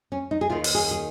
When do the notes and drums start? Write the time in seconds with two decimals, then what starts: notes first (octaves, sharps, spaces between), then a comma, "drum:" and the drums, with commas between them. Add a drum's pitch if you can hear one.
0.12 C#4
0.31 D#4
0.41 G#4
0.50 D#2 D#3 F4
0.64 drum: open hi-hat
0.75 G#4
0.91 G#4